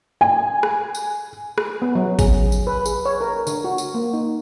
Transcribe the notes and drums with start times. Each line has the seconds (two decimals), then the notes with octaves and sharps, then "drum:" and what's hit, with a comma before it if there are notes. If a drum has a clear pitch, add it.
0.21 G#5
0.63 drum: rim click
0.95 drum: tambourine
1.58 drum: rim click
1.82 B3
1.95 F#3
2.19 G#4, drum: kick G#1, tambourine
2.52 drum: tambourine
2.67 B4
2.86 G#4, drum: tambourine
3.05 C#5
3.21 A#4
3.47 D3, drum: tambourine
3.64 F#4
3.78 drum: tambourine
3.94 A#3
4.13 D#4